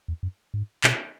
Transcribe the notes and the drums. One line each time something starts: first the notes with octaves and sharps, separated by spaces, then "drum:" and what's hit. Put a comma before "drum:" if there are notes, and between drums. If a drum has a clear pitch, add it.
E2
F#2
G#2
B2, drum: clap